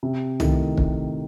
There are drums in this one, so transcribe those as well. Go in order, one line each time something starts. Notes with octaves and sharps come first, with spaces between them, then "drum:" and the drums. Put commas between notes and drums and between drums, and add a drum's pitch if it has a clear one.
C3
D#3 A3 E4, drum: tom
C3, drum: kick